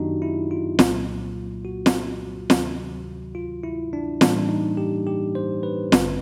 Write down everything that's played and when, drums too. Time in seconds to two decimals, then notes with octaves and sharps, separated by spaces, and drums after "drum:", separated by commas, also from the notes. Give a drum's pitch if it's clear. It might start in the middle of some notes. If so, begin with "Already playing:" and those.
Already playing: F#2 D#3 F#3 B3 D4 D#4 F#4 G4
0.22 E4
0.51 F4
0.79 C2 A#2 F#3 A#3, drum: snare
1.65 F#4
1.86 drum: snare
2.50 D2 C3 D#3 F#3, drum: snare
3.35 F4
3.63 E4
3.93 D4
4.21 A2 E3 G3 A#3 D4, drum: snare
4.49 D#4
4.77 G4
5.07 G4
5.35 C5
5.63 B4
5.92 A1 G2 D3 G3, drum: snare